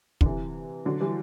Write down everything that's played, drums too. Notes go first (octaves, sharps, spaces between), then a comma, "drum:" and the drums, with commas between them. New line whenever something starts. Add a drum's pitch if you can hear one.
D3, drum: kick
C3 E3
D3 F#3
E3 G3